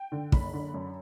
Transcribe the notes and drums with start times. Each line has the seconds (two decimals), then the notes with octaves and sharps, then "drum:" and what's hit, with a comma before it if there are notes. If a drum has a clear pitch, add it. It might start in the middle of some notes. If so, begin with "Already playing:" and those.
Already playing: G5
0.12 D3
0.32 F#1 B5, drum: kick
0.53 D3
0.74 F#2